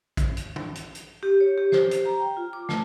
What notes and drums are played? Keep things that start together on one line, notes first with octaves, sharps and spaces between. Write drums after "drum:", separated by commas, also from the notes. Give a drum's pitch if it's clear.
drum: kick A#1, hi-hat
drum: hi-hat
drum: tom
drum: hi-hat
drum: hi-hat
G4
C#5
G4
C5, drum: snare
G4, drum: hi-hat
A#5
G5
F4
D6
A3, drum: snare